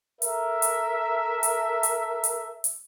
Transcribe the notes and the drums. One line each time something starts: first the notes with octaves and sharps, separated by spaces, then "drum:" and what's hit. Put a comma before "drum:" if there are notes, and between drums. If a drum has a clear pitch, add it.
A4 A#4 E5, drum: hi-hat
drum: hi-hat
drum: hi-hat
drum: hi-hat
drum: hi-hat
drum: hi-hat